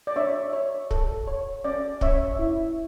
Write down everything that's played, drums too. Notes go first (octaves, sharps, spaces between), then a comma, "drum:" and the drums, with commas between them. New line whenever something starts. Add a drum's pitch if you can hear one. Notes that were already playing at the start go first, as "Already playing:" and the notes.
D5
D4 C#5 E5
C#5
A4, drum: kick
C#5
C#4 D5
C#4 C#5 E5, drum: kick
E4